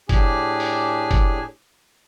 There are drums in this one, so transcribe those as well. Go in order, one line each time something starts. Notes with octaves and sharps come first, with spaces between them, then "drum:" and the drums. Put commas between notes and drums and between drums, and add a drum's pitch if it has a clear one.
A2 D4 G4 G#4 G#5, drum: kick, hi-hat
drum: open hi-hat
drum: kick, hi-hat